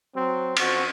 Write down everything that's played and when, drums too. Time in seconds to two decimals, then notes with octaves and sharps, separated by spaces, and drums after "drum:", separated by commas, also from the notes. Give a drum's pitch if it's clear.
0.15 F#3 C4
0.56 F2 F#4 C5, drum: cymbal